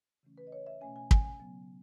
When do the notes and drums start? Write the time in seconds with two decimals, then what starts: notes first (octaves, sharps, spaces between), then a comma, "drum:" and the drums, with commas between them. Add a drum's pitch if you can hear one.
0.23 C#3 E3 A3 C#4
0.38 B4
0.47 D#5
0.52 C#5
0.67 E5
0.81 B2 A3 C#4 G#5
0.96 G#5
1.11 G#5, drum: kick
1.25 G#5
1.39 C#3 F#3 B3